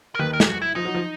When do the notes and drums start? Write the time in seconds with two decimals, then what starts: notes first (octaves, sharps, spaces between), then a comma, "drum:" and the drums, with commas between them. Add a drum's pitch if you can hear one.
0.15 A#4
0.19 D#2 D#3 B4
0.33 A#4
0.40 G4, drum: snare
0.47 F#4
0.62 E4
0.76 F3 D#4
0.85 F#3
0.94 F3